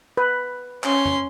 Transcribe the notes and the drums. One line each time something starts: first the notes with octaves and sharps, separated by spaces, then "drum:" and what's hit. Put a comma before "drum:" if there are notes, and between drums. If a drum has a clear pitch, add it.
B4
C#4 C6, drum: clap
drum: tom F2